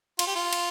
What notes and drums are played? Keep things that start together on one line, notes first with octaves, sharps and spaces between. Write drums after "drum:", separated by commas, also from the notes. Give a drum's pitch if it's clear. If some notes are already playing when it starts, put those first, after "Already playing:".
F4, drum: cymbal
G4
F4
drum: cymbal